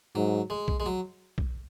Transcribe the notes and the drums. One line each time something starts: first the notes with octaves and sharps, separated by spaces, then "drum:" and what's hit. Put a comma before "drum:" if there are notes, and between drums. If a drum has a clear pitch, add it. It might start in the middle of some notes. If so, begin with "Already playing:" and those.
G#2 F#3
G#3
drum: kick B1
G#3
F#3
drum: kick B1